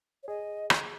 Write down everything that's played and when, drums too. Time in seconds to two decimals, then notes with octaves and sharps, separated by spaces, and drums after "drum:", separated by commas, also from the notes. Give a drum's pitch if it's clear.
0.23 C#5
0.28 G#4 D#5
0.70 drum: rim click